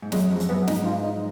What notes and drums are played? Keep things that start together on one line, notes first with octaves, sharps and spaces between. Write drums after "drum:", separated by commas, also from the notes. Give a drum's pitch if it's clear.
G#2
F#2 G#3, drum: snare
F2 G#3
drum: hi-hat
F#2 B3
G#2 D#4, drum: snare
F4
D#4